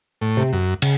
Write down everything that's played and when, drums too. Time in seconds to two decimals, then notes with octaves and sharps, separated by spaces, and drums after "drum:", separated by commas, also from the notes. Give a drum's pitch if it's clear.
0.21 A2
0.37 C3
0.53 F#2
0.82 C#3, drum: cymbal